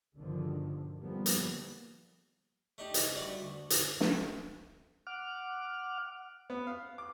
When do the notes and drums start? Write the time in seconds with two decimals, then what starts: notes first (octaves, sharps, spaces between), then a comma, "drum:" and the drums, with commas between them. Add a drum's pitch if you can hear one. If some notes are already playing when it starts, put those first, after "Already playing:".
0.17 G1 B2 D3 D#3 F3
0.98 D3 F3 G3 A#3 B3
1.26 drum: hi-hat
2.78 A3 D4 D#4 G4
2.94 G#2 C#3, drum: hi-hat
3.16 G2 A3 D4 F#4 D5
3.40 D2
3.70 drum: hi-hat
4.00 drum: snare
5.07 F#5 D6 F6
6.50 B3
6.67 F5
6.98 D6